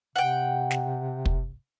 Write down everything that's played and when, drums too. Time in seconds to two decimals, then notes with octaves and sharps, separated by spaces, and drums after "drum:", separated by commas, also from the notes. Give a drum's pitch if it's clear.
0.16 C3 F#5 G5
0.71 drum: snare
1.25 drum: kick